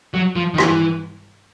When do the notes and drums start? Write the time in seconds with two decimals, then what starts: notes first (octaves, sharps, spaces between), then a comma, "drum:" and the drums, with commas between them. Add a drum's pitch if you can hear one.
0.14 F#3
0.36 F3
0.54 D#3
0.58 E3, drum: rim click